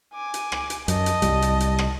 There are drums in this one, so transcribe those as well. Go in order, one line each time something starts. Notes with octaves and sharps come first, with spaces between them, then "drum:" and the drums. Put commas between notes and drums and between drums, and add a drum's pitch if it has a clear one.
G#5 D6
drum: hi-hat
drum: rim click
drum: hi-hat
F#2 D#5 A5, drum: hi-hat
drum: hi-hat
C2 G3, drum: hi-hat
drum: hi-hat
drum: hi-hat
drum: rim click